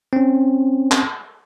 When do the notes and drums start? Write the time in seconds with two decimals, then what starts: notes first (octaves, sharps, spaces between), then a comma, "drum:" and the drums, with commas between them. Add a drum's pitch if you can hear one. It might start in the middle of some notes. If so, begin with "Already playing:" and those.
0.13 C4 C#4
0.91 drum: clap